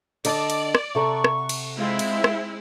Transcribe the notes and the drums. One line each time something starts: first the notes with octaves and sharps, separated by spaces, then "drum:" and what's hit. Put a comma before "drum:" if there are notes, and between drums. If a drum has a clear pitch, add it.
D3 D5 D#5 A5, drum: cymbal
drum: cymbal
drum: rim click
C3 A4 F#5 A#5 C#6
drum: rim click
drum: cymbal
G#3 C4 E4 F4 E5
drum: cymbal
drum: rim click